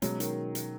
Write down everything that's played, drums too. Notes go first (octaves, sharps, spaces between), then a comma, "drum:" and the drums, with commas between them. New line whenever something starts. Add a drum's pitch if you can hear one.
B2 F#3 G#3 C#4, drum: hi-hat
D#3, drum: hi-hat
drum: hi-hat